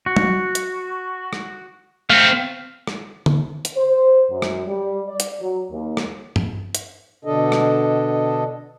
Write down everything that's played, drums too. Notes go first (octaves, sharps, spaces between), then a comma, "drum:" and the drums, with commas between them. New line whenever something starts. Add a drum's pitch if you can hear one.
F#4
drum: tom F#3
drum: hi-hat
drum: rim click
A3 C4 F5
drum: rim click
drum: tom D3
drum: hi-hat
C5
F#2
drum: rim click
G3
D5
drum: hi-hat
F#3
D#2
drum: rim click
drum: tom G2
drum: hi-hat
B2 D3 D4 A4 D#5
drum: rim click